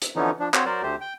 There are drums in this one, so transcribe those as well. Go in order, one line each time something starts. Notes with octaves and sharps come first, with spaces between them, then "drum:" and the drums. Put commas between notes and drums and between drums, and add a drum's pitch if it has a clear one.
drum: hi-hat
D3 E3 F3 B3 C#4 D#4
F3 D4
C4 F#4 C5 C#5, drum: clap
F#3 A#4 C5 D5
D2 A3 G4 C5
G5